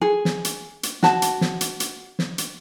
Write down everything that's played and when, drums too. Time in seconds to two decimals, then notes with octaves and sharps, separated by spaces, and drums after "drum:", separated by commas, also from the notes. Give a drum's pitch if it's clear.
0.01 G#4
0.25 drum: snare
0.45 drum: hi-hat
0.83 drum: hi-hat
1.03 F#4 A5, drum: snare
1.22 drum: hi-hat
1.41 drum: snare
1.61 drum: hi-hat
1.80 drum: hi-hat
2.19 drum: snare
2.38 drum: hi-hat